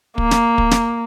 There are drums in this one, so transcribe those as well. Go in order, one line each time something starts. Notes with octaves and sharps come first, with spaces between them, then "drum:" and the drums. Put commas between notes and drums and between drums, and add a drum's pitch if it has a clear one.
A#3, drum: kick
drum: snare
drum: kick
drum: snare